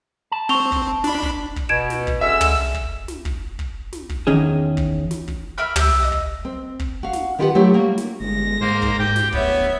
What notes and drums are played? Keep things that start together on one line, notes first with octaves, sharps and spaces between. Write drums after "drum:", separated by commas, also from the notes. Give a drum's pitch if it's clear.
A5
C4 C#6 F7 G7
drum: kick
D4 B5, drum: snare
drum: kick
drum: kick
B2 G#6 D7 E7
drum: snare
drum: kick
D3 G#3 C#4 E5 E6
drum: tom
drum: kick
drum: snare
drum: kick
drum: kick
drum: snare
drum: kick
E2 D#3 C#4 G#4
drum: kick
drum: snare
drum: kick
A#4 E5 B5 F6
G4 E5, drum: tom
D#5
drum: kick
C4
drum: kick
F#4 F5
drum: snare
D#3 E4 F4 G4 B4 F#5
F#3 A3 D4 E4 F4 G4
G3 A#3 F#4
drum: snare
G1 G#3 A#6
G#2 A#3 C5
drum: kick
G#2 G4 G5
drum: snare
D1 B3 C#5 E5, drum: kick